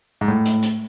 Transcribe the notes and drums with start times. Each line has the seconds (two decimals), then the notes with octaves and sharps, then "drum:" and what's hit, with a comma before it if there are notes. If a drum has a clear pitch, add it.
0.21 G#2
0.28 A2
0.45 drum: hi-hat
0.62 drum: hi-hat